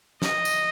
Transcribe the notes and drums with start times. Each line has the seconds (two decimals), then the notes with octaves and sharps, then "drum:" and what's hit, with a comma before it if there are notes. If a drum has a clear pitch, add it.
0.22 D#5, drum: snare
0.45 drum: tambourine